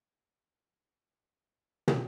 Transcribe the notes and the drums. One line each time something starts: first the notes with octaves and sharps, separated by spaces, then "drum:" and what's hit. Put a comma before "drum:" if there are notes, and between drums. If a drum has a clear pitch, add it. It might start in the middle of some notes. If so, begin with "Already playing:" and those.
C3 F3 G3
drum: tom